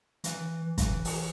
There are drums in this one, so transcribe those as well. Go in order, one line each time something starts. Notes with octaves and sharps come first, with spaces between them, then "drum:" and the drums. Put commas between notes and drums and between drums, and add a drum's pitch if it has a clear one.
E3, drum: hi-hat
E3, drum: kick, hi-hat
drum: open hi-hat